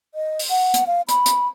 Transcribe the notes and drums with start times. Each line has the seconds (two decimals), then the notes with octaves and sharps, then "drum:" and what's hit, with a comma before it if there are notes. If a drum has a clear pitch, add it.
0.15 D#5
0.39 drum: open hi-hat
0.50 F#5
0.74 drum: hi-hat
0.87 F5
1.09 B5, drum: hi-hat
1.26 drum: hi-hat